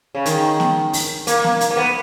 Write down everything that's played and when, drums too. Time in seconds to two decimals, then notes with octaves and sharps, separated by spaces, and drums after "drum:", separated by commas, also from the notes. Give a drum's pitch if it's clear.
0.15 C#3
0.26 D#3, drum: hi-hat
0.60 drum: snare
0.93 drum: open hi-hat
1.27 A#3, drum: hi-hat
1.44 drum: snare
1.61 drum: hi-hat
1.71 A#3
1.77 B3